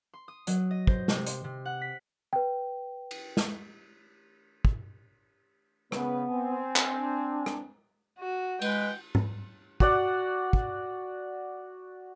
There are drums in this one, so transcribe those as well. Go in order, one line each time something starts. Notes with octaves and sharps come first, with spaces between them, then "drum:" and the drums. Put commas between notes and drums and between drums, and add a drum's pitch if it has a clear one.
C6
D#6
F#3, drum: hi-hat
D#5
C5, drum: kick
C3, drum: snare
C6, drum: hi-hat
C3
F#5
B6
B4 G5
drum: cymbal
drum: snare
drum: kick
C#3 B3 B4, drum: rim click
C4 G#5
drum: clap
D4
drum: rim click
F#4
G#3 B4 G5, drum: cymbal
drum: tom G#2
F#4 D5 F#5, drum: kick
drum: kick